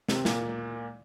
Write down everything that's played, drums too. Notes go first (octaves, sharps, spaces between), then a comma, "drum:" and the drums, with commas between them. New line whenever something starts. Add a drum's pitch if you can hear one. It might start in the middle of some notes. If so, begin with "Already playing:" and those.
C3 C4, drum: snare
A#2 A#3, drum: snare